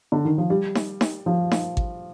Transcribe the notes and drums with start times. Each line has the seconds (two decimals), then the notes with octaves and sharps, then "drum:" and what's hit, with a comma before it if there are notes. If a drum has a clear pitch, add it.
0.12 D3
0.25 D#3
0.38 F3
0.50 G3
0.75 drum: snare D#4
1.01 drum: snare D#4
1.26 F3
1.51 drum: snare D#4
1.77 drum: kick G#1